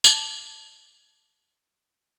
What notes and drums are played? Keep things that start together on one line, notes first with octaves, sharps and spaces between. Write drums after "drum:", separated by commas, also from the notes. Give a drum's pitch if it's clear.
D5 A5, drum: tambourine